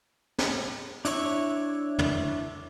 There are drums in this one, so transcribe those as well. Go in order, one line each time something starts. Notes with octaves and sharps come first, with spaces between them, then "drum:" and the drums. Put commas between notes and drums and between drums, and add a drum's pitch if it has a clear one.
drum: snare
D4 E4 C#5 C#6, drum: hi-hat
drum: tom